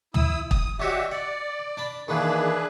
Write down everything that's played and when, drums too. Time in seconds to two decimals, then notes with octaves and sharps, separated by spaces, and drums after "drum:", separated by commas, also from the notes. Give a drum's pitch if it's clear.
0.14 E4 D#6 E6, drum: tom
0.51 D#6, drum: kick
0.80 D4 F#4 G4 C#5 D#5 E5
1.11 D5 F#5
1.77 D4 A5 B5
2.08 D#3 E3 A#3 D4 G#4 B4